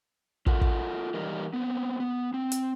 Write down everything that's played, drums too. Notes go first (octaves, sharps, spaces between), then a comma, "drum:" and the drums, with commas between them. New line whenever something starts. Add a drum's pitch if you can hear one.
F4 A4 A#4 F#5, drum: kick
drum: kick
E3 G3 D#4 A#4
B3 C4
B3
C4
drum: hi-hat